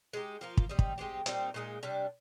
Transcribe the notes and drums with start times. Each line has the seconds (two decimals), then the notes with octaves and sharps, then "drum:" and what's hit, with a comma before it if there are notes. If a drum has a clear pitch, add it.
0.13 G#3 D#4 G4
0.41 F3 A#3 F4
0.57 drum: kick
0.69 G3 C4 D#4
0.79 drum: kick
0.98 G#3 C4 G4
1.26 A#2 G3 C4 D#4, drum: hi-hat
1.54 A#2 G#3 D#4
1.83 C3 G3 D4